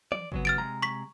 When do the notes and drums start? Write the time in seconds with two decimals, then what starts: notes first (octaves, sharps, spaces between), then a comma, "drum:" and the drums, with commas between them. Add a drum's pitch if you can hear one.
0.12 D5, drum: tom
0.32 C#3 F#3 B3, drum: kick
0.45 F6 A6 D7
0.58 C3 G#3 A#5
0.82 C#6 B6